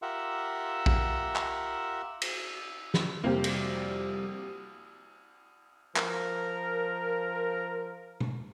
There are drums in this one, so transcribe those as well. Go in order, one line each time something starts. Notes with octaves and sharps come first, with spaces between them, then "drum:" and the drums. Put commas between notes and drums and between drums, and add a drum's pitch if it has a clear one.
F4 G4 A#4 E5 F#5
drum: kick A#1
drum: clap
drum: cymbal
drum: snare
F2 C3 G3 A#3 C4 G4
drum: cymbal
F3 A#4, drum: clap
drum: tom